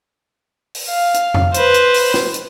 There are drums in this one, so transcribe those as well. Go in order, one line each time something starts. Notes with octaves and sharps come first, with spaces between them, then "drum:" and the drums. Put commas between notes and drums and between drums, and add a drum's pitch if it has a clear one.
drum: open hi-hat
F5
drum: hi-hat
drum: tom
B4 C5, drum: hi-hat
drum: hi-hat
drum: open hi-hat
drum: snare
drum: hi-hat